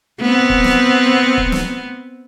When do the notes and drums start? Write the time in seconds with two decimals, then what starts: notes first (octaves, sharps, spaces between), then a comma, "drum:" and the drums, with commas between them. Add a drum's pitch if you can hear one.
0.20 B3 C4
0.50 drum: kick C#1
0.64 drum: snare
1.37 drum: kick C#1
1.52 drum: snare